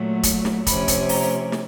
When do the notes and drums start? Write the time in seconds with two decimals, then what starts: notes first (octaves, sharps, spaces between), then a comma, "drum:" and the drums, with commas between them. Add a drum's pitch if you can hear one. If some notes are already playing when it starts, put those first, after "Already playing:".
Already playing: A#2 F#3 A3
0.23 drum: kick, hi-hat
0.45 drum: snare
0.67 C3 F3 A3 C#4 B5, drum: kick, hi-hat
0.88 drum: kick, hi-hat
1.09 A#5, drum: open hi-hat
1.52 drum: snare